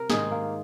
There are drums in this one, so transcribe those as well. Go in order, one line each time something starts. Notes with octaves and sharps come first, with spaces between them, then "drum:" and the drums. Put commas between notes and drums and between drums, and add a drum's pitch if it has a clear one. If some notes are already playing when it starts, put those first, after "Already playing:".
Already playing: C3 A#4
G#2 D#3 G#3 G#4, drum: snare
A#3